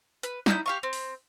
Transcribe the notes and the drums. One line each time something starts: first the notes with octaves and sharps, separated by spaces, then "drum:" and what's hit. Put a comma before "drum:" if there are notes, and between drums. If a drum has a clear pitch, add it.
B4, drum: hi-hat
D#4 E4 E6 G6, drum: snare
G4 F5 C#6
C4
drum: open hi-hat